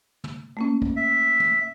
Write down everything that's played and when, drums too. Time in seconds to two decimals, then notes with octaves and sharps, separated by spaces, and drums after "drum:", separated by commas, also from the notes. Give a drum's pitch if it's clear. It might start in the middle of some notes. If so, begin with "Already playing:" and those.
0.24 drum: tom
0.57 A3 A#3 C#4
0.82 drum: kick
0.96 E5
1.40 drum: tom